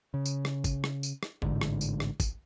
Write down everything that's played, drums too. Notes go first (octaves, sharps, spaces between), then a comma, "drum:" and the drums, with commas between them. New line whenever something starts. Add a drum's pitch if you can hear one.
C#3
drum: tambourine
drum: rim click
drum: kick, tambourine
drum: rim click
drum: tambourine
drum: rim click
A1 G#2 D3, drum: kick
drum: rim click
drum: tambourine
drum: rim click
drum: kick, tambourine